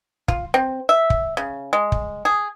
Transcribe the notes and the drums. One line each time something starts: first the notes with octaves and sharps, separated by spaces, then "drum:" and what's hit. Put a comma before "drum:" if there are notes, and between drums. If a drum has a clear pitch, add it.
F4, drum: kick
C4
E5
drum: kick
C#3
G#3
drum: kick
G#4